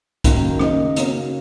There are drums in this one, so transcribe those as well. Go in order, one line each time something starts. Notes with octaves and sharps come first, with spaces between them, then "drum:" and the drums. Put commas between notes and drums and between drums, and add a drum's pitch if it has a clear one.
F#2 D#3 A#3 F#4, drum: kick, hi-hat
C#3 A#3 D#4, drum: rim click
C#3 A#3 C#4 F#4, drum: hi-hat